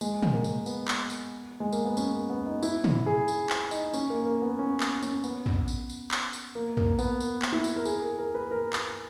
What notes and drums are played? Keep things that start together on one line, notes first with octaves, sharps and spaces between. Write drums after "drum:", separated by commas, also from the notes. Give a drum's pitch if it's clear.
G#3, drum: tambourine
drum: tom
A#3
drum: tambourine
B3, drum: tambourine
drum: clap
drum: tambourine
G#3
A#3, drum: tambourine
B3
C#4, drum: tambourine
A#3
B3
D#4
E4, drum: tambourine
E4, drum: tom
G#4
drum: tambourine
drum: clap
D#4, drum: tambourine
C#4, drum: tambourine
A#3
A#3
B3
C#4
drum: clap
C#4, drum: tambourine
B3, drum: tambourine
drum: tom
drum: tambourine
drum: tambourine
drum: clap
drum: tambourine
A#3
A#3, drum: tom
B3, drum: tambourine
A#3, drum: tambourine
drum: clap
E4
drum: tambourine
A#4
G#4, drum: tambourine
A#4
A#4
B4
A#4
drum: clap